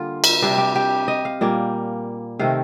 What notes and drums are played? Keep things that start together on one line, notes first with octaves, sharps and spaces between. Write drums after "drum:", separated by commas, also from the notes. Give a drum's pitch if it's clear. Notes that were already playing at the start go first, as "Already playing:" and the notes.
Already playing: D3 G3 A#3 F4
drum: cymbal
C3 G3 C4 D4
G4
G4
D#5
F5
A#2 G3 A#3
C3 D#3 A3 C4 F5